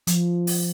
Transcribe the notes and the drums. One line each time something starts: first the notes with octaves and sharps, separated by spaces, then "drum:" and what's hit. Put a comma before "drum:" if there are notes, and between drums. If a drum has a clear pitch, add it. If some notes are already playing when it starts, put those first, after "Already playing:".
F3, drum: hi-hat
drum: open hi-hat